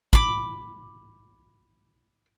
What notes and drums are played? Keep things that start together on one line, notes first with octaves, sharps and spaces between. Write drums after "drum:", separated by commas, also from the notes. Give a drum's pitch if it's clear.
B5 D6, drum: kick